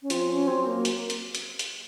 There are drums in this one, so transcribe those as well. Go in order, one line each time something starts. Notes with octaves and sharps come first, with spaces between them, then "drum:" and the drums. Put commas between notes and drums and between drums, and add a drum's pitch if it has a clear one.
C#4
F3 C4, drum: hi-hat
C#4
F#3 C4
A#3
drum: hi-hat
drum: hi-hat
drum: hi-hat
drum: hi-hat